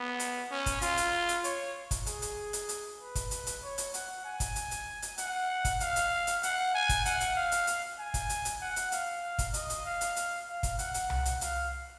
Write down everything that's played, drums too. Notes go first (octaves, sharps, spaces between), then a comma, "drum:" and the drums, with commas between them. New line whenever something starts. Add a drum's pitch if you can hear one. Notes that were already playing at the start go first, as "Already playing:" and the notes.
Already playing: B3
drum: hi-hat
C#4
drum: kick, hi-hat
F4, drum: hi-hat
drum: hi-hat
drum: hi-hat
C#5, drum: hi-hat
drum: kick, hi-hat
G#4, drum: hi-hat
drum: hi-hat
drum: hi-hat
drum: hi-hat
B4
drum: kick, hi-hat
drum: hi-hat
drum: hi-hat
C#5
drum: hi-hat
F#5, drum: hi-hat
G#5
drum: kick, hi-hat
drum: hi-hat
drum: hi-hat
drum: hi-hat
F#5, drum: hi-hat
drum: kick, hi-hat
F5, drum: hi-hat
drum: hi-hat
drum: hi-hat
F#5, drum: hi-hat
G#5
drum: kick, hi-hat
F#5, drum: hi-hat
drum: hi-hat
F5
drum: hi-hat
drum: hi-hat
G#5
drum: kick, hi-hat
drum: hi-hat
drum: hi-hat
F#5
drum: hi-hat
F5, drum: hi-hat
drum: kick, hi-hat
D#5, drum: hi-hat
drum: hi-hat
F5
drum: hi-hat
drum: hi-hat
F5
drum: kick, hi-hat
F#5, drum: hi-hat
drum: hi-hat
drum: tom C2
drum: hi-hat
F5, drum: hi-hat